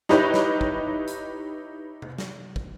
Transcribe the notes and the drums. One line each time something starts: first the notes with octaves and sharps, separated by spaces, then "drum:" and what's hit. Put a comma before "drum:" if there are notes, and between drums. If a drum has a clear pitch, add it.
D#4 E4 G4 B4 C#5 D#5, drum: snare
drum: snare
drum: kick
drum: hi-hat
drum: tom C3
drum: snare
drum: kick